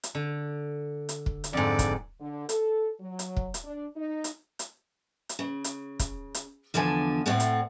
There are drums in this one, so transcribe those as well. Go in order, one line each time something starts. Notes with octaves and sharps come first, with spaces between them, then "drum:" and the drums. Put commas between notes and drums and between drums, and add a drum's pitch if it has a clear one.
drum: hi-hat
D3
drum: hi-hat
drum: kick
drum: hi-hat
F2 G#2 D3 D5
drum: kick, hi-hat
D3
A4, drum: hi-hat
F#3
drum: hi-hat
drum: kick
drum: hi-hat
D4
D#4
drum: hi-hat
drum: hi-hat
drum: hi-hat
C#3
drum: hi-hat
drum: kick, hi-hat
drum: hi-hat
E2 D3 F3 D4 G#5
A2 A3 C4 D5 F#5
drum: hi-hat